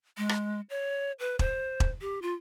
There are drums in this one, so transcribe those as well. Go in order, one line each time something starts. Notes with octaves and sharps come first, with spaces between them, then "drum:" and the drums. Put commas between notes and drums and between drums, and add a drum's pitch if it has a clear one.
G#3
drum: rim click
C#5
B4
C5, drum: kick E1
drum: kick E1
G4
F4